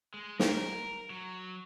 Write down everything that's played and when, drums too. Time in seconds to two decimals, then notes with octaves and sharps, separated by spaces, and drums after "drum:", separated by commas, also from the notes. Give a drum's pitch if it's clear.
0.14 G#3
0.40 A#4, drum: snare
1.10 F#3